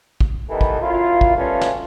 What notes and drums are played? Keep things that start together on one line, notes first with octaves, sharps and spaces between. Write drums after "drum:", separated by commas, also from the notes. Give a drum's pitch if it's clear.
drum: kick
D#3 E3 G3 B3 A4
drum: kick
F#2 E4 F4
drum: kick
G3 A3 B3 C#4 F4
drum: snare